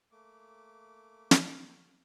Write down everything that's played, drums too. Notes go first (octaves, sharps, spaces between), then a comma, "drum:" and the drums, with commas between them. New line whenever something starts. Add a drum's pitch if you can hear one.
A3 A#3 D6
drum: snare